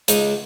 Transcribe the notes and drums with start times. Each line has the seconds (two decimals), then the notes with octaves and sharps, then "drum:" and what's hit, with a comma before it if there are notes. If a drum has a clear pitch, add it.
0.08 C#2 D#4, drum: hi-hat